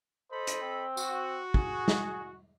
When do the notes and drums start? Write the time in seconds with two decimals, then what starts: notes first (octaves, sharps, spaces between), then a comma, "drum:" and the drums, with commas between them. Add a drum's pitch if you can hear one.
0.31 A4 C5 D#5 B5
0.47 drum: hi-hat
0.62 C4
0.97 F#4, drum: tambourine
1.54 G#4, drum: kick
1.88 drum: snare